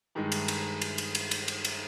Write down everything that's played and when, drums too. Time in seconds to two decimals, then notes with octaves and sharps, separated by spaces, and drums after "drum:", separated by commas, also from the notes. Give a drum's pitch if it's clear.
0.15 G2 D#3 G#3 D#4
0.32 drum: cymbal
0.48 drum: cymbal
0.82 drum: cymbal
0.98 drum: cymbal
1.15 drum: cymbal
1.31 drum: cymbal
1.48 drum: cymbal
1.65 drum: cymbal